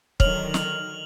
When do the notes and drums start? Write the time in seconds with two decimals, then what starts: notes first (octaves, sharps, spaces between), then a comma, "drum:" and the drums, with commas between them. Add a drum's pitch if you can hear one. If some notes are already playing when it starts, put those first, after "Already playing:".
0.20 D3 D#3 F#3 C#5 F6 F7 F#7, drum: kick
0.54 drum: snare